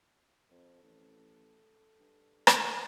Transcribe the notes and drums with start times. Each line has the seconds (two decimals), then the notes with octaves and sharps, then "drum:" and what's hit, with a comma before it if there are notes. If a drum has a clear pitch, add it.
0.51 F2 A4
0.83 A1
1.99 G2
2.47 C#2, drum: rim click